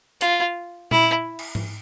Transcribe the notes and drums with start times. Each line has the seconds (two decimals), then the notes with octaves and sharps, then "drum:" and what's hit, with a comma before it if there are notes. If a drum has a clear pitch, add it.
0.21 F4, drum: hi-hat
0.91 E4, drum: tom A#2
1.39 drum: cymbal
1.55 drum: tom G#2